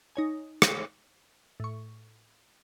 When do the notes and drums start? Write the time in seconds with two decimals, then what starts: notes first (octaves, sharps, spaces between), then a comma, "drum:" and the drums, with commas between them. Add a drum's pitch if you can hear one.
0.16 D#4 C#5 G#5
0.62 drum: rim click
1.60 A2 C#6